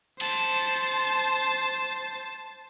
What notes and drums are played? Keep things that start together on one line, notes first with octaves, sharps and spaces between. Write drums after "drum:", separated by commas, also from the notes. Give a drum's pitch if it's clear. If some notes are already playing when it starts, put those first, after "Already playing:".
C5 A5, drum: cymbal